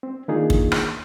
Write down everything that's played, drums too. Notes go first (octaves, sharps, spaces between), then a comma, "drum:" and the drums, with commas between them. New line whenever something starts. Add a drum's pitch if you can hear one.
C4
D#3 A#3 D4 D#4 F4 G#4
drum: kick
drum: rim click